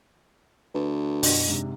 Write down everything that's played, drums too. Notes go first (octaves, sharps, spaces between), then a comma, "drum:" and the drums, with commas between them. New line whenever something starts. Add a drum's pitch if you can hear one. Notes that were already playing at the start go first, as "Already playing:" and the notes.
D2 B4
F#2 B2 D4, drum: open hi-hat
G#2 C3